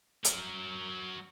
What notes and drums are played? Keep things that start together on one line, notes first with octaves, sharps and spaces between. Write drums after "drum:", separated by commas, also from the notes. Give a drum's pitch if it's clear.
F#3 A#4, drum: hi-hat